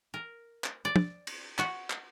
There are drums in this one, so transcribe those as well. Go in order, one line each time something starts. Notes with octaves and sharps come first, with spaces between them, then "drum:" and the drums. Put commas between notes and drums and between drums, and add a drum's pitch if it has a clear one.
A#4
drum: clap
D5
drum: tom
drum: cymbal
F#4, drum: clap
drum: clap